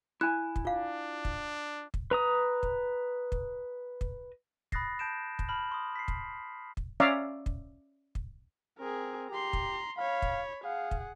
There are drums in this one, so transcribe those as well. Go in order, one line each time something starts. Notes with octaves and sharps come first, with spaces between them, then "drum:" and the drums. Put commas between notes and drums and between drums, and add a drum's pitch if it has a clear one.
E4 G#5 F#6
drum: kick
D4 F4 F5
drum: kick
drum: kick
B4 A#5 D#6
drum: kick
drum: kick
drum: kick
B5 D#6 F#6 A6 A#6 C7, drum: kick
A5 G6 D7 E7
drum: kick
A5 B5 F6 F#7
C6 D#6
B6 C7
drum: kick
drum: kick
C#4 C#5 D5 E5 F5 A#5
drum: kick
drum: kick
C4 G#4 A#4
G4 A#5 C6
drum: kick
C#5 F5 B5
drum: kick
G#4 F5 F#5
drum: kick